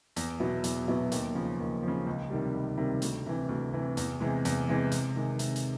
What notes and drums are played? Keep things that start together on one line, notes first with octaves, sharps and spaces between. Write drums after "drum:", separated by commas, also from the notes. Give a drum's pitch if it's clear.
E2, drum: hi-hat
B2 F#3 B3 E4
E2, drum: hi-hat
B2 F#3 B3 E4
D#2, drum: hi-hat
C#3 F3
D#2
C#3 F3
C#2
C3 D#3 G3
C#2
C3 D#3 G3
D2, drum: hi-hat
C3 E3
D2
C3 E3
E2, drum: hi-hat
C3 E3 G#3
E2, drum: hi-hat
C3 E3 G#3
C3, drum: hi-hat
D#3 G#3
C3, drum: hi-hat
drum: hi-hat